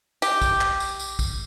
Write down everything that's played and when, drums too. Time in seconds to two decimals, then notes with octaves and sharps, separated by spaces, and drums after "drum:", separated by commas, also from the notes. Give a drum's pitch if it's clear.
0.22 G4, drum: tambourine
0.42 drum: kick, tambourine
0.61 drum: clap
0.80 drum: tambourine
1.00 drum: tambourine
1.19 drum: kick, tambourine